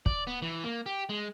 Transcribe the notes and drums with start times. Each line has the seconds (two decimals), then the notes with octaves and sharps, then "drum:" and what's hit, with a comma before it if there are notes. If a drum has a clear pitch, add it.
0.06 D5, drum: kick
0.27 B3
0.42 E3
0.64 A#3
0.86 G4
1.09 G#3